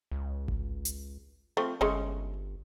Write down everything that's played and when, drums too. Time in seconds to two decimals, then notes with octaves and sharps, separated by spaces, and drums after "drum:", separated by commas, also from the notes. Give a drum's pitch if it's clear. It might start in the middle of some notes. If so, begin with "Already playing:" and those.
0.11 C#2
0.48 drum: kick G#1
0.85 drum: hi-hat
1.57 F3 A3 C4
1.81 G1 G#3 A3 C#4